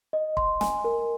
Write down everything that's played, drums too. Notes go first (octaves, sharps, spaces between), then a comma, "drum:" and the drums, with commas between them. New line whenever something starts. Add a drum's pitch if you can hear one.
D#5
C6, drum: kick
G#5, drum: snare
A#4